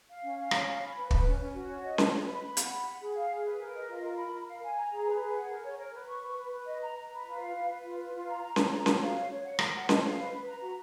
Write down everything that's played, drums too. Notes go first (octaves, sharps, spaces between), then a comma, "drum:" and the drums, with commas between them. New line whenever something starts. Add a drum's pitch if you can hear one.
F5
C#4
F5
C#4, drum: rim click
F5
B5
B4
B4, drum: kick
C#4
C#4
F#4
C#5
D#5
B4, drum: snare C#4
B4
B5
B5
F#5, drum: hi-hat
B5
F#5
G#4
F5
G#4
B4
A#4
D#5
F4
A#4
B5
A#4
F5
G#5
A#5
G#4
B4
G#4
F#5
A#4
C#5
A#4
B4
C#6
B4
B4
B4
D#5
A#5
A#5
B4
F4
F5
B4
B4
F4
B4
F4
A#5
A#5
A#5, drum: snare C#4
A#5
F#4, drum: snare C#4
F5
C#5
C#5
F#5
A#4, drum: rim click
F#5
D#5, drum: snare C#4
F5
B4
B4
A#5
F#4